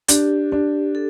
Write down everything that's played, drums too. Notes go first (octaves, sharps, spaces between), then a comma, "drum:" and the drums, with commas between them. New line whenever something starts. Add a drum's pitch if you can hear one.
D4 G4, drum: hi-hat
D4
A4